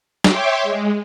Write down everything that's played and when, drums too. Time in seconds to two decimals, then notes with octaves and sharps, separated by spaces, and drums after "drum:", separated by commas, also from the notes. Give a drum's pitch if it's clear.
0.24 C#5 E5 G5 C6 D6, drum: snare
0.63 G#3